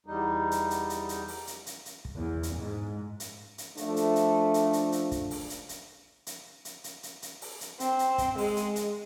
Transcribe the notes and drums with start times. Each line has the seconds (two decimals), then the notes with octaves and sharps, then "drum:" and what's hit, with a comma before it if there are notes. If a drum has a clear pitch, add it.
0.06 E2 G3 D#4
0.51 drum: hi-hat
0.71 drum: hi-hat
0.90 drum: hi-hat
1.09 drum: hi-hat
1.28 drum: open hi-hat
1.47 drum: hi-hat
1.66 drum: hi-hat
1.86 drum: hi-hat
2.05 drum: kick
2.17 E2
2.43 drum: hi-hat
2.54 G#2
3.20 drum: hi-hat
3.58 drum: hi-hat
3.77 F3 A3 D4, drum: hi-hat
3.96 drum: hi-hat
4.16 drum: hi-hat
4.54 drum: hi-hat
4.73 drum: hi-hat
4.92 drum: hi-hat
5.11 drum: kick, hi-hat
5.31 drum: open hi-hat
5.50 drum: hi-hat
5.69 drum: hi-hat
6.27 drum: hi-hat
6.65 drum: hi-hat
6.84 drum: hi-hat
7.03 drum: hi-hat
7.22 drum: hi-hat
7.42 drum: open hi-hat
7.61 drum: hi-hat
7.80 C4, drum: hi-hat
7.99 drum: hi-hat
8.18 drum: kick, hi-hat
8.38 G#3, drum: open hi-hat
8.57 drum: hi-hat
8.76 drum: hi-hat